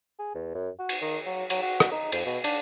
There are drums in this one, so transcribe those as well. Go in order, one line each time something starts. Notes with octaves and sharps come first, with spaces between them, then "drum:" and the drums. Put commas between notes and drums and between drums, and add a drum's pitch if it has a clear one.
G#4
E2
F#2
F#4
drum: cymbal
D#3
F#3
F#3, drum: cymbal
F#4
drum: rim click
D#4
F2, drum: cymbal
B2
D4, drum: cymbal